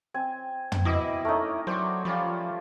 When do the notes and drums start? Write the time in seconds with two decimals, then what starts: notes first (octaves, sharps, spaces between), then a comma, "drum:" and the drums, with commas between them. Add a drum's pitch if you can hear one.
0.14 C4 G#5
0.72 drum: tom
0.85 B2 E4 D#5 D6
1.25 A3 C#4 D#4 A#4
1.67 F#3 C5 D5 G5 C#6
2.05 F3 G3 C#4 F4